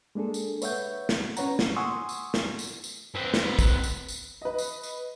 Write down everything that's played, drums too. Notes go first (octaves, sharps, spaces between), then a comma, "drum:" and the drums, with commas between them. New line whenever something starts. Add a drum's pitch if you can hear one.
G#3 A#3 D4 G#4 A4
drum: tambourine
B4 C#5 E5 F#5 G6, drum: tambourine
drum: snare
C#4 B4 C#5 F#5 A#5, drum: tambourine
A#3, drum: snare
F#5 G#5 C6 C#6 D#6 E6
drum: tambourine
drum: snare
drum: tambourine
drum: tambourine
C4 B4
drum: snare
drum: kick, tambourine
drum: tambourine
drum: tambourine
B4 D#5
drum: tambourine
drum: tambourine